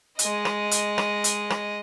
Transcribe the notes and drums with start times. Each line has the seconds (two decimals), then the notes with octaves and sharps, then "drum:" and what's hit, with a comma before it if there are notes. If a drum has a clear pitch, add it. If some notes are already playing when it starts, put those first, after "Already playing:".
0.19 G#3 D#5, drum: hi-hat
0.45 drum: rim click
0.71 drum: hi-hat
0.98 drum: rim click
1.24 drum: hi-hat
1.50 drum: rim click